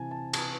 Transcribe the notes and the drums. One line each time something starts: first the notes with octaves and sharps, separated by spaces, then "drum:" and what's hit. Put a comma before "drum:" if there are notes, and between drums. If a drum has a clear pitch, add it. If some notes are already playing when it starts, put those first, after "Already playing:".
Already playing: C3 E3 G#5 A5
A5
A5, drum: cymbal